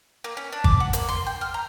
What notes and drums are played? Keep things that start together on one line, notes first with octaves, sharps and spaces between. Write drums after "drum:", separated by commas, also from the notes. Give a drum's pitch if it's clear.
A#3
C#4
D4
D6, drum: kick G#1
F#5
A#3, drum: hi-hat
C6
G5
F6
A#5